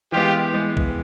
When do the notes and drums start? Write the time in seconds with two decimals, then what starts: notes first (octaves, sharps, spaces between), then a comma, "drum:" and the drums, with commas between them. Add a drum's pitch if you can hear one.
0.12 E3 G#3 B3 F4 G4
0.53 E3 G#3 B3
0.77 drum: kick B1